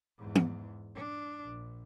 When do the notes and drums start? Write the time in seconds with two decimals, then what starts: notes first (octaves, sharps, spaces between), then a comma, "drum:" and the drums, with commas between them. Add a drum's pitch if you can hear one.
0.17 E2 G#2
0.35 drum: tom
0.95 D4
1.44 A#1